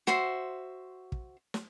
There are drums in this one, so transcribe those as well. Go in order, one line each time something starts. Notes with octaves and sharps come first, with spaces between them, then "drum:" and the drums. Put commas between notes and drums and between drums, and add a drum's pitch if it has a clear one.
F#4 C5 E5 C6, drum: snare
drum: kick
drum: snare